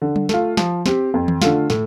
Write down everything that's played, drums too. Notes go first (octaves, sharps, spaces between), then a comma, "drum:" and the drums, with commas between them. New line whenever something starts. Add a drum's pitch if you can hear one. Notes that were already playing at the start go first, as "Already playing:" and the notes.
D3
drum: tom F#3
A3 F4, drum: snare
F3, drum: snare
C4 G4, drum: snare
F2
drum: tom D#3
D3 A3 F4, drum: snare
A2, drum: snare